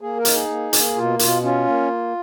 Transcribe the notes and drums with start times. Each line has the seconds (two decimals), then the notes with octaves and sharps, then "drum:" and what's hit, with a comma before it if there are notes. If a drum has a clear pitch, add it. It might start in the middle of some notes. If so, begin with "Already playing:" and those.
0.01 A#3 G#4
0.17 A#4
0.25 D#4, drum: hi-hat
0.33 G#4
0.48 A#3
0.73 A#3, drum: hi-hat
0.96 B2 F4
1.19 B2 F4, drum: hi-hat
1.42 C#4 F4
1.67 A#3